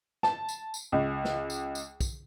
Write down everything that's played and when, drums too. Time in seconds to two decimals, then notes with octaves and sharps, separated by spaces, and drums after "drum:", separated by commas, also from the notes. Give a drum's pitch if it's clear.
0.23 A5, drum: snare
0.49 drum: tambourine
0.74 drum: tambourine
0.92 C#2
1.25 drum: snare
1.50 drum: tambourine
1.75 drum: tambourine
2.01 drum: kick, tambourine